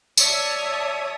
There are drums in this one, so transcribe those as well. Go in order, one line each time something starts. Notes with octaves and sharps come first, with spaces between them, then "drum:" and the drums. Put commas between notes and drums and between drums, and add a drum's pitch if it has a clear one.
C#5 D5 E5 A5 D#6, drum: tambourine